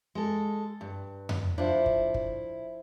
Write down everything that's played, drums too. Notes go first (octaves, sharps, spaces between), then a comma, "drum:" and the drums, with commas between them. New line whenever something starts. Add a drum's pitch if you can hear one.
G#3 A4
G2
drum: tom F2
F3 D4 E4
drum: kick
drum: kick